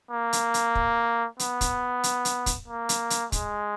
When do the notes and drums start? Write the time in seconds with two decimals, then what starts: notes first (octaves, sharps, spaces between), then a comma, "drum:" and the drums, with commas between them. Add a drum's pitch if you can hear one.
0.11 A#3
0.33 drum: hi-hat
0.54 drum: hi-hat
0.75 drum: kick
1.39 B3, drum: hi-hat
1.61 drum: kick, hi-hat
2.03 drum: hi-hat
2.25 drum: hi-hat
2.46 drum: kick, hi-hat
2.68 A#3
2.89 drum: hi-hat
3.10 drum: hi-hat
3.32 G#3, drum: kick, hi-hat